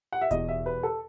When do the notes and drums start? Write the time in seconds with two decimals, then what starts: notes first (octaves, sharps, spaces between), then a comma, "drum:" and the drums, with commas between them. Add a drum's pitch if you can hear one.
0.12 F#5
0.21 E5
0.31 E2 B2 D#5, drum: kick D#1, hi-hat
0.48 E5
0.66 B4
0.83 A4